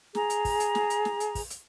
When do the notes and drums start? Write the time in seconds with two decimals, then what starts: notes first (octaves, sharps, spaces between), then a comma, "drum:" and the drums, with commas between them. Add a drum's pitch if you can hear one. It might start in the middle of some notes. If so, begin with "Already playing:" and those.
0.15 G#4 A#5, drum: snare
0.30 drum: hi-hat
0.45 drum: kick, open hi-hat
0.60 drum: hi-hat
0.75 drum: snare
0.90 drum: hi-hat
1.05 drum: snare
1.20 drum: hi-hat
1.35 drum: kick, open hi-hat
1.50 drum: hi-hat